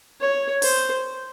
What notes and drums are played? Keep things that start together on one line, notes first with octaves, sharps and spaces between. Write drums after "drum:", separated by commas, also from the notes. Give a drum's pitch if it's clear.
C#5
C5, drum: open hi-hat